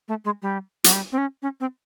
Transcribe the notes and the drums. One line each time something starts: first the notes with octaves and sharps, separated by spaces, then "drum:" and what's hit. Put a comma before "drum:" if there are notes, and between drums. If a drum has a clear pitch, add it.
A3
G#3
G3
F#3, drum: hi-hat
G3
C4
C#4
C#4
C4